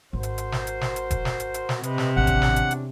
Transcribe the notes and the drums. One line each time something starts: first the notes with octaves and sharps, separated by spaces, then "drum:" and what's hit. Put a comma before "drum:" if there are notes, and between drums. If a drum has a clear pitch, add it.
G#1 F#4 A#4 C5
drum: hi-hat
drum: hi-hat
drum: snare
drum: hi-hat
drum: snare
drum: hi-hat
drum: kick E1, hi-hat
drum: snare
drum: hi-hat
drum: hi-hat
drum: snare
C3 B4 D#5, drum: hi-hat
drum: snare
A1 E2 D#3 C#4 D4 F#5
drum: kick E1, hi-hat
drum: snare
drum: hi-hat
drum: hi-hat